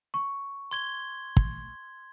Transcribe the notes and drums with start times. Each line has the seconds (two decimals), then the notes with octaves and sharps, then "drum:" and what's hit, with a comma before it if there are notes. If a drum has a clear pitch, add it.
0.14 C#6
0.71 C6 G#6 G7
1.37 drum: kick